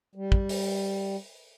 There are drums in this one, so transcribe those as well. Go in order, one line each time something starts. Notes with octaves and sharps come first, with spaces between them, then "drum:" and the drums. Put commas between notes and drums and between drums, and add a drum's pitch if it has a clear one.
G3
drum: kick
drum: open hi-hat